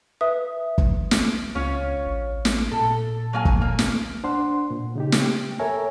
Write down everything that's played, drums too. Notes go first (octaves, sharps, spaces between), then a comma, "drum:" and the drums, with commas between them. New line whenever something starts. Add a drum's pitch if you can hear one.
B4 E5 D#6
drum: kick
drum: snare
C#2 C#4 F4 C#5
A1
drum: snare
A#2 A4
F#3 A#3 G#5
drum: kick
A#3
drum: snare
D4 C5 F#5 C6
A#2
C#3 D#4 G4
drum: snare
G5
A4 A#4 C#5 E5 G#5 A#5